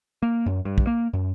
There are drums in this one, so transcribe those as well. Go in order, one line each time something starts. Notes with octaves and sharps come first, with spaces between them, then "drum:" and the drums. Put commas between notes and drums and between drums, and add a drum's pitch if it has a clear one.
A#3
F#2
G2
drum: kick
A#3
F#2